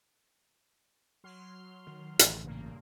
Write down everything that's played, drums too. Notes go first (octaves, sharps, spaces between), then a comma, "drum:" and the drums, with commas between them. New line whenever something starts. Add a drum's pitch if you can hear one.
F#3 C6 F6
D#3
A1, drum: hi-hat
G2 A#2 C#3 A#3